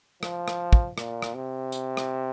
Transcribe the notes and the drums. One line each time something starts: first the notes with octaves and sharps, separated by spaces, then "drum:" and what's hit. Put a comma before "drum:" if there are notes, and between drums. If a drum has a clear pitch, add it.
F3, drum: rim click
drum: rim click
drum: kick
A#2, drum: rim click
drum: rim click
C3
drum: hi-hat
drum: rim click